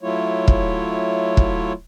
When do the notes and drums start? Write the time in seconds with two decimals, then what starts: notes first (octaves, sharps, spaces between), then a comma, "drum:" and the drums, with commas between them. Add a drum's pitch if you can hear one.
0.03 F#3 A3 E4 F4 C#5
0.48 drum: kick
1.37 drum: kick